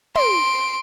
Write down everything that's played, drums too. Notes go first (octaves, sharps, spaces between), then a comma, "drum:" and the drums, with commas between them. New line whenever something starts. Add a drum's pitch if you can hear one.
C6 D7, drum: tom